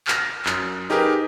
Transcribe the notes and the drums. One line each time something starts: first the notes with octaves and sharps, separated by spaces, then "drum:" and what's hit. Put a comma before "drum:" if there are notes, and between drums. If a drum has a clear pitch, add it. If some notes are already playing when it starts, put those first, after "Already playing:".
F6 A#6, drum: clap
F#2, drum: clap
D#4 G4 G#4 A#4 B4